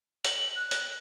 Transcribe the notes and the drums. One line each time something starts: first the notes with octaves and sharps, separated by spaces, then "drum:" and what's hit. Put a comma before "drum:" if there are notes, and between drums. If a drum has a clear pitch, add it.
F#7, drum: hi-hat
F#6
drum: hi-hat